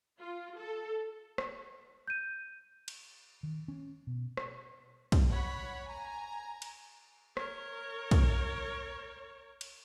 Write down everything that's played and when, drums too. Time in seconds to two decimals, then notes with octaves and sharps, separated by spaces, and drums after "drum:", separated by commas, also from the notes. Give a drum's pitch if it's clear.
0.20 F4
0.57 A4
1.38 drum: rim click
2.08 G6 D#7
2.88 drum: cymbal
3.43 D#3
3.68 C#4
4.07 B2
4.37 drum: rim click
5.12 drum: kick, cymbal
5.30 C#5 F#5 B5
5.87 G#5 A#5
6.62 drum: cymbal
7.37 A#4 C#5, drum: rim click
8.11 drum: kick, cymbal
9.61 drum: cymbal